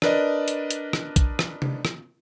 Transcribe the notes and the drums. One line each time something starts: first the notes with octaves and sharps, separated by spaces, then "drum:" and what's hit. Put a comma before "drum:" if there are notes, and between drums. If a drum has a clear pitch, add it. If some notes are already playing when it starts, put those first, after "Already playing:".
D4 A#4 B4 D5 D#5, drum: rim click
drum: hi-hat
drum: hi-hat
drum: rim click
drum: kick, hi-hat
drum: rim click
drum: tom C3
drum: rim click